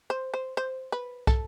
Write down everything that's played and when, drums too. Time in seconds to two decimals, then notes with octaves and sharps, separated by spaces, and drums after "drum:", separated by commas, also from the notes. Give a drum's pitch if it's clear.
0.10 C5
0.34 C5
0.57 C5
0.92 B4
1.27 A4, drum: kick